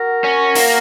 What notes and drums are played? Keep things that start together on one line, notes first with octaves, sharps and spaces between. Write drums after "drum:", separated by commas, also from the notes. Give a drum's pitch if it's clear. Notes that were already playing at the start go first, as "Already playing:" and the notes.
Already playing: F#4 A#4
C#4
A#3, drum: open hi-hat